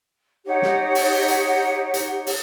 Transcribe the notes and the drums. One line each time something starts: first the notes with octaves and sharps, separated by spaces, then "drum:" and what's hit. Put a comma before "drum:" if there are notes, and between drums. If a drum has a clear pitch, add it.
D#4 G4 C#5 F#5
drum: snare
drum: open hi-hat
drum: hi-hat
drum: hi-hat
drum: open hi-hat